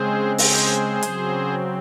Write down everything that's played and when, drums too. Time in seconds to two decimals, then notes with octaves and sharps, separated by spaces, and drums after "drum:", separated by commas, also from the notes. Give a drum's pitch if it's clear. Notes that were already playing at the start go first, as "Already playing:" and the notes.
Already playing: C#3 G#3 C4 G#4 C5
0.38 G#4 C5, drum: open hi-hat
1.03 C#3 F#3 C4, drum: hi-hat